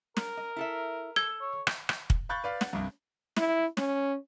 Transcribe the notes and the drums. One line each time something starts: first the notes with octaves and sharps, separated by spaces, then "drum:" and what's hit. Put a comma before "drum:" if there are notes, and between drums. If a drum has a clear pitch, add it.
A#4, drum: snare
D#5
E4 A4 E5
A4 E6 G#6 G7
C#5
drum: rim click
drum: rim click
drum: kick
F5 B5 C#6 F#6 G6 A6
B4 D5 F5
F#5, drum: snare
C2 G2
E4, drum: snare
C#4, drum: snare